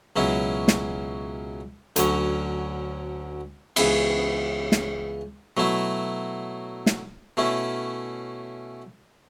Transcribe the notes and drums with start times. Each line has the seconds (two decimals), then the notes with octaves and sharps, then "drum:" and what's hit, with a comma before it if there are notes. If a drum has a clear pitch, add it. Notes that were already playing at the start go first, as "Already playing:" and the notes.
0.16 C#2 B2 F#3 C#4 E4
0.68 drum: snare
1.96 D2 D3 F#3 C#4, drum: hi-hat
3.76 C#2 C#3 E3 B3 E4, drum: cymbal
4.72 drum: snare
5.57 B2 F#3 A3 E4
6.86 drum: snare
7.37 B2 A3 C#4 E4